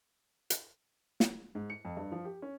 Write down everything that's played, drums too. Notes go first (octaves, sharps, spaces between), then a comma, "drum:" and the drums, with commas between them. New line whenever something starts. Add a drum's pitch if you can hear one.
drum: hi-hat
drum: snare
G#2
C#7
F2
G2
F3
G4
C#4